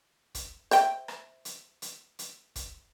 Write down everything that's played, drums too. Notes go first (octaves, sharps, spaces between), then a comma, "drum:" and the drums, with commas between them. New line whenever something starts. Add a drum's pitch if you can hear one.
drum: kick, hi-hat
C5 E5 G5, drum: hi-hat
drum: rim click
drum: hi-hat
drum: hi-hat
drum: hi-hat
drum: kick, hi-hat